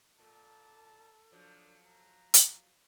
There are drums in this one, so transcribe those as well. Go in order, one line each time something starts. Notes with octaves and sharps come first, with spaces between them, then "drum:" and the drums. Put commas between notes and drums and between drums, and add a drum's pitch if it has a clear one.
A#2 A4 A5
F3 F#3 D4
A#5
drum: hi-hat